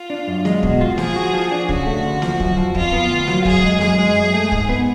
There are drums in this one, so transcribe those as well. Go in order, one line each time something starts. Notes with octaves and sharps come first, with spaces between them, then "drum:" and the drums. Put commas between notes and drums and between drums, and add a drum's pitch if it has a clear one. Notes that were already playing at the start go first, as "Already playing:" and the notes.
Already playing: F4
D4
F#2
G#3, drum: snare
B2 F#4, drum: kick
F4
F3 G#4, drum: snare
F#4
F3
D4
C#3 F#4, drum: kick
A3
D2
F3, drum: snare
F#2, drum: kick
F3
F2 F4, drum: kick
B3
D2
F#3, drum: snare
F#2 G#4, drum: kick
G#3
F#2 G#4, drum: snare
G#3
F#2
A3
G#2, drum: kick
B3